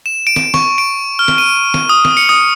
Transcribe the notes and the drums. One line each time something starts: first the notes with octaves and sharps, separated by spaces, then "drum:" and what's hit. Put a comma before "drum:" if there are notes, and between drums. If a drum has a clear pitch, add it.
E7
D7
drum: snare
C#6, drum: snare
D7
F6
drum: snare
D#7
drum: snare
D#6
drum: snare
C#7
D#6